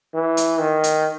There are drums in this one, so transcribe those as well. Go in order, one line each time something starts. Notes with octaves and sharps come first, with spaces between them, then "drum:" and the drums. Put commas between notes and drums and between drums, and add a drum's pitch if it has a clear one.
E3
drum: hi-hat
D#3
drum: hi-hat